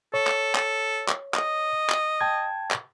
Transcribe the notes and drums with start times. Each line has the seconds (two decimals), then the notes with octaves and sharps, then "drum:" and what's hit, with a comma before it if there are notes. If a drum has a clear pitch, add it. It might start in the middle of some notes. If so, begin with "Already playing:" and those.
0.14 A4 C#5
0.27 drum: clap
0.55 A4, drum: clap
1.08 drum: clap
1.34 D#5, drum: clap
1.90 drum: clap
2.21 G5 A5 G#6
2.71 drum: clap